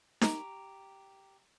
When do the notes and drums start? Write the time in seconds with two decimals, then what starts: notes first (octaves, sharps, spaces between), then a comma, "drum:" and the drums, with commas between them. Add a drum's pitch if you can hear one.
0.21 G4 A#5 C#6, drum: snare D#4